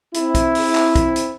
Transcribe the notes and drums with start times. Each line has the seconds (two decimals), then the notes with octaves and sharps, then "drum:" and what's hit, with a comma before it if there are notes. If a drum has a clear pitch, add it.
0.14 C4 E4, drum: hi-hat
0.35 drum: kick, hi-hat
0.55 drum: open hi-hat
0.75 drum: clap
0.95 drum: kick, hi-hat
1.16 drum: hi-hat